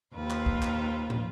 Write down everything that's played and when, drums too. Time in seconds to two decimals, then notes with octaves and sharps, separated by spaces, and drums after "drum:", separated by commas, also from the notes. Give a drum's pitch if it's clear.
0.14 D#2 F4 B4 C5
0.30 drum: clap
0.46 drum: kick
0.62 drum: clap
1.10 drum: tom